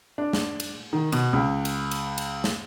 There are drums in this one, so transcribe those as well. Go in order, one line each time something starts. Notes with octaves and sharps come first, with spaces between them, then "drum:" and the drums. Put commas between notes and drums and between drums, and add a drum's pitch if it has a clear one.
D4
drum: snare
drum: cymbal
D#3
B2, drum: cymbal
C#2
drum: cymbal
drum: cymbal
drum: cymbal
drum: snare